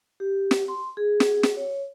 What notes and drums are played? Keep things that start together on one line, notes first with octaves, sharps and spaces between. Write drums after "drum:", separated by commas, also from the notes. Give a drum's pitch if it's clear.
G4
drum: snare
C6
G#4
drum: snare
drum: snare
C#5